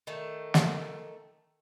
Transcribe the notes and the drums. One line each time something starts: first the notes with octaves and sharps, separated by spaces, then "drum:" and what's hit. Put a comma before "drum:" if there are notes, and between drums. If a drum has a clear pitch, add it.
D#3 A3
drum: snare